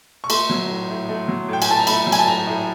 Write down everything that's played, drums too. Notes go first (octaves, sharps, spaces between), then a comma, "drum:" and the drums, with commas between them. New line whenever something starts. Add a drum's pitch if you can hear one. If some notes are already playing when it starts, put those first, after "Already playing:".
C#6
A3 C6, drum: cymbal
F#3
A2
A2
A3
F#3
A2 G5
G#5, drum: cymbal
A2 A5
A#5
A3 B5, drum: cymbal
F#3
G#5, drum: cymbal
A5
A2 A#5
A2